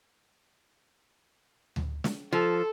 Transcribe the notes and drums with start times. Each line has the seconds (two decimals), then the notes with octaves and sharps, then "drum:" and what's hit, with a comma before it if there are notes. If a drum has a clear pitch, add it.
1.76 drum: tom D2
2.04 drum: snare
2.32 F3 A4